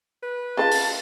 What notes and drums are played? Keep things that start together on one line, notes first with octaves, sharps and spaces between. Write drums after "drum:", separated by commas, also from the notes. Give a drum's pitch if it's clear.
B4
C#3 C4 F4 A5
drum: open hi-hat